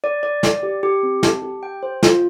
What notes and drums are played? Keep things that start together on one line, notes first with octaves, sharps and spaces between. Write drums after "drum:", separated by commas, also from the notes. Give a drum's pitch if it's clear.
D5
D5
D5, drum: snare
G4
G4
C4
A5, drum: snare
G4
G5
C5
F4, drum: snare